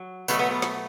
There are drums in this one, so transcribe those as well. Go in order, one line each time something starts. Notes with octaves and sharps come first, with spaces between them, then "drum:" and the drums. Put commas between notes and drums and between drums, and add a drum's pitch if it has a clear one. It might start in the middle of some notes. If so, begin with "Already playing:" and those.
Already playing: F#3
B2 F#3 A3 B3, drum: tambourine
B3
B3
drum: snare